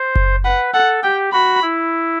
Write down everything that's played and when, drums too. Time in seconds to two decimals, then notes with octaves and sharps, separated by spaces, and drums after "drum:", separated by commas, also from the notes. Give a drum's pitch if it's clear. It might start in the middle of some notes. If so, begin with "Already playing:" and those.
Already playing: C5
0.16 drum: kick F#1
0.44 B4 F#5
0.74 A4 F#5
1.03 G4 G5
1.33 F#4 B5
1.62 E4